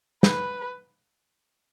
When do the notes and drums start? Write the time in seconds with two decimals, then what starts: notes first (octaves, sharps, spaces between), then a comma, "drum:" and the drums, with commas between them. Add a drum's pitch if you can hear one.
0.23 B4, drum: snare